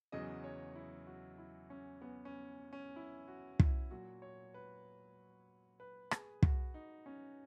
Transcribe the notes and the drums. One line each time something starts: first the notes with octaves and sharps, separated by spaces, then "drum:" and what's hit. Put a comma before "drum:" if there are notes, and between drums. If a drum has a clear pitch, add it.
E2 C#3 F#3 D#5
C#5
E4
F#4
E4
C#4
B3
C#4
C#4
E4
F#4
E4, drum: kick
A#2 F#3 F#4
C#5
B4
B4
G#4, drum: rim click
F#4, drum: kick
D#4
C#4